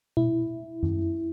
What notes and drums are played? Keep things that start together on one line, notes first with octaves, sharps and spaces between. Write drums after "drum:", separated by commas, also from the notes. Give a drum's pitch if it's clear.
E4, drum: tom B2
drum: tom F#2